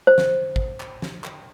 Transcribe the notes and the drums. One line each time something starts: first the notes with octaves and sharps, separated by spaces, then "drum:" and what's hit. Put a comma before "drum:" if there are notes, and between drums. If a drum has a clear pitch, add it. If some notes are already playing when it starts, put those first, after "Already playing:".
C5
drum: snare
drum: kick
drum: clap
drum: snare
drum: clap